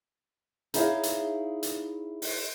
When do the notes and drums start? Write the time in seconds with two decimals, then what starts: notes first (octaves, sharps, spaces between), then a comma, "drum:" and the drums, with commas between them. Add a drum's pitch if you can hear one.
0.74 D#4 E4 G#4 C#5 D#5 F5, drum: hi-hat
1.03 drum: hi-hat
1.63 drum: hi-hat
2.22 drum: open hi-hat